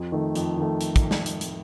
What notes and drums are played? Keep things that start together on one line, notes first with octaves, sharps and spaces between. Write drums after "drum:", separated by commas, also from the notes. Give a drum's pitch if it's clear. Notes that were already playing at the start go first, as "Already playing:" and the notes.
Already playing: F2
D#3 A3
F2, drum: hi-hat
D#3 A3
drum: hi-hat
drum: kick, hi-hat
drum: snare
drum: hi-hat
drum: hi-hat